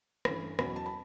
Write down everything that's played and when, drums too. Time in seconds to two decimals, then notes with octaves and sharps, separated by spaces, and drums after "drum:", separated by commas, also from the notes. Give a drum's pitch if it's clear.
0.25 G2 E3 A3 C#4 B5, drum: rim click
0.59 E2 B2 F#3 C#4 B5, drum: rim click
0.76 A5
0.86 B5